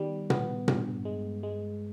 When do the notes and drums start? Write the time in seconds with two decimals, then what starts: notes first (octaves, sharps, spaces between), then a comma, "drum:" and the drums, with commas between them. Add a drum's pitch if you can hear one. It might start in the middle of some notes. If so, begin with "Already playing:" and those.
Already playing: D#3 G3 B3
0.30 B3, drum: tom A#2
0.68 G2, drum: tom A#2
1.05 G#3
1.43 G#3